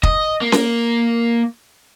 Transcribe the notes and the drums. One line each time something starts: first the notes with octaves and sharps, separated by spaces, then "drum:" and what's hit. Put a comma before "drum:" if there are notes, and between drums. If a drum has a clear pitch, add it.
D#5, drum: kick
A#3
drum: snare C#4